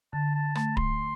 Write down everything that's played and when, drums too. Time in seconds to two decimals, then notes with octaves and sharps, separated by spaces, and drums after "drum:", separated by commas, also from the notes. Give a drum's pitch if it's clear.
0.13 D3 A5
0.35 A5
0.55 A3 A5, drum: rim click
0.77 C6, drum: kick D1